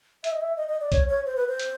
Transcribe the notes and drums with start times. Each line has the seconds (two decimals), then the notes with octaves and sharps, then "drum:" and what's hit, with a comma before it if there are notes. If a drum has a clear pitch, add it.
0.24 E5, drum: hi-hat
0.32 D#5
0.41 E5
0.57 D#5
0.68 D#5
0.81 D5
0.92 C#5, drum: kick B1, hi-hat
1.08 C#5
1.26 C5
1.36 B4
1.48 C5
1.59 drum: hi-hat